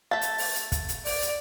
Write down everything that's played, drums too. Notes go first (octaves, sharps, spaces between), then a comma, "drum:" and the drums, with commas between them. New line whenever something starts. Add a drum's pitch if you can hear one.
A3 E5 F5 A6
drum: hi-hat
drum: open hi-hat
drum: hi-hat
drum: kick, hi-hat
drum: hi-hat
D5, drum: open hi-hat
drum: hi-hat